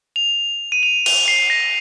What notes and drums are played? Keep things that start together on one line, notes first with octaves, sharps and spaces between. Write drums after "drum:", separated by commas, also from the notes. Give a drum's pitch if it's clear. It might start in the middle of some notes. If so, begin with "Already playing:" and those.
F7
D#7
F7
F7, drum: cymbal
C7
A#6